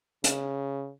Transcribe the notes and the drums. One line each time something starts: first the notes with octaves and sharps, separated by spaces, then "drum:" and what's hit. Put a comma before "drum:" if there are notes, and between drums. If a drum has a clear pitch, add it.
C#3, drum: hi-hat